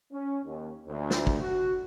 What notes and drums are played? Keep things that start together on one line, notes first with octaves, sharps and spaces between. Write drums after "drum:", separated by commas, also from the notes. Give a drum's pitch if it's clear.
C#4
D#2
D2
drum: snare
drum: kick
F#4